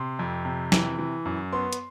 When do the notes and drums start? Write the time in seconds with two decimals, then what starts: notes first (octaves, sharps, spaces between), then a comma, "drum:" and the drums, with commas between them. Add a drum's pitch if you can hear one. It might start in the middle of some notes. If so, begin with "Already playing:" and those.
Already playing: C3 C6
0.19 F2
0.45 C3
0.72 E3, drum: snare
0.98 E3
1.25 F#2
1.53 B3 C6
1.73 drum: hi-hat